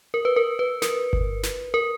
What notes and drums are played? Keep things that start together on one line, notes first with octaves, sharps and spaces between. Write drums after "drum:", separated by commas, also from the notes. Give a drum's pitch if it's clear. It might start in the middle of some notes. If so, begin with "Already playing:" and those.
A#4
B4
A#4
B4
A#4, drum: snare
drum: kick G1
drum: snare
A#4